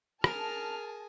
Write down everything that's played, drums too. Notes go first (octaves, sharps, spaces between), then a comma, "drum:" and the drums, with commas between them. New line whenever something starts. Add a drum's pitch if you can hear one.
G#4 A#4 A5 F6, drum: rim click